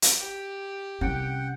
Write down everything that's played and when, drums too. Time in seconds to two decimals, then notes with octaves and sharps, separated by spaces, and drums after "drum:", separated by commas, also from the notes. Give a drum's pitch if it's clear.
0.02 drum: hi-hat
0.18 G4
1.01 C2 C#4 F#5 G5